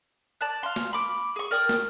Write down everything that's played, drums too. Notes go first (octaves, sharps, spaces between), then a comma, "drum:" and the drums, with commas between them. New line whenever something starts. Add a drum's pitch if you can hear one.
D5 A5 F#6, drum: tambourine
F5 C6
drum: snare
B5 D6
G#4 C#6
A#4 D5 G5 D#6
drum: snare